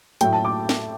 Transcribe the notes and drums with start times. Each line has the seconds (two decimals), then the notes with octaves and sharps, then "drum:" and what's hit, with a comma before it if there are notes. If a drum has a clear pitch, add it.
0.21 A2 F#3 A3 G5, drum: hi-hat
0.33 A5
0.45 D6
0.69 drum: snare